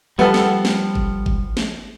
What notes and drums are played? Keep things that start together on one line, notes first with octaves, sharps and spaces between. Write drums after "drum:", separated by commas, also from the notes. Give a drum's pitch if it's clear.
F3 G3 B3 A4
drum: snare
drum: snare
drum: kick G1
drum: kick G1
drum: snare